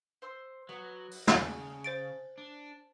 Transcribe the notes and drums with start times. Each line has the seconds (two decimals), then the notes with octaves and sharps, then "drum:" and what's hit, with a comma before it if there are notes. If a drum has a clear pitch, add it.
0.22 C5 C6 E6
0.69 F#3 B3 F#4
1.11 drum: open hi-hat
1.27 C#3 D5 G#5 A5, drum: snare
1.84 C5 A6 D7
2.38 D4